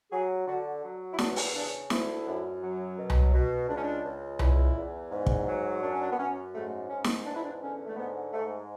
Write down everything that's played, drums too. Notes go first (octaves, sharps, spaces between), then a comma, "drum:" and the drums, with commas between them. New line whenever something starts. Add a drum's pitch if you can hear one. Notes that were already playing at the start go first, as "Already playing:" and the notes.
F#3 G#4
D3 F#4
F#3
E4
E2 D4, drum: snare
drum: open hi-hat
C#3 D4
D2 E4, drum: snare
F#2
F#3
B2
drum: tom C2
B2
C#2 D4
C#4
D4
C#2
E2 E4, drum: tom C2
E2
G#2
drum: kick
F#3
F#2 D4
C#4
D4
B3
F#2 C#4
G#2 A3
G#2 C#4
drum: snare
E2 D4
E4
D4
D3 C#4
A3
G#2 B3
G#2 A3